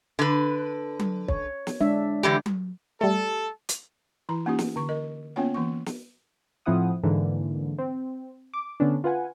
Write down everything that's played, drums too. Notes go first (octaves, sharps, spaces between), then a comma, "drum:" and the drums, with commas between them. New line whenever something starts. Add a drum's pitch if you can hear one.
D3 B4
drum: tom F#3
C#5, drum: kick
drum: snare
G#3 D4 E5
D3 E3 G4
drum: tom F#3
G3 A3 A4
drum: hi-hat
E3 E4 A#5
A#3 C#4 D#4 F4 G4
drum: snare
D3 C#6
A#4 D#5
A#3 B3 C#4 F4 C#5 F#5
E3 A#3 C#6
drum: snare
A2 F3 C4 E4 F#5 D#6
G#2 D3 E3 A#3
C4
D6
D3 B3 C#4 D4
F4 B4 F#5 G#5